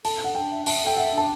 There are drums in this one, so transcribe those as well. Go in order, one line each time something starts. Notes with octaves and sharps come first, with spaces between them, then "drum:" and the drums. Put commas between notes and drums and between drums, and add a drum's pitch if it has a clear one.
A4 A5, drum: open hi-hat
D4 F#5
D4 G5
E5
E5 A5, drum: open hi-hat
A4 G5
E5 F#5
D4
A5